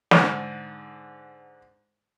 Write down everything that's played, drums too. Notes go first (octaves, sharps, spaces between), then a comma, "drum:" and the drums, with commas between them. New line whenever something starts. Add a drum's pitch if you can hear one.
G#2 D3, drum: snare